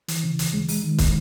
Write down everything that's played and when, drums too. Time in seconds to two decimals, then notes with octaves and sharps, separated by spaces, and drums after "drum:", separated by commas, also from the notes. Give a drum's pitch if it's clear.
0.08 E3, drum: hi-hat
0.24 C#3
0.39 D#2, drum: hi-hat
0.53 G#3
0.68 G#3, drum: open hi-hat
0.84 D#3
0.98 drum: kick, hi-hat